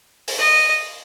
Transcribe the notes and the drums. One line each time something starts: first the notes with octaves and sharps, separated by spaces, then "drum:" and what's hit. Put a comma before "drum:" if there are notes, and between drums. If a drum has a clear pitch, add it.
drum: open hi-hat
D#5